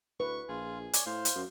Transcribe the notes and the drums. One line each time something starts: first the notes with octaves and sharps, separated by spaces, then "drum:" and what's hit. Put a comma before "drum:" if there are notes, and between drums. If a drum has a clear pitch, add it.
D2 B4 C#6
A#1 F4 G#4
C#5 D5 G#5, drum: hi-hat
A2 C5 F5
drum: hi-hat
F#2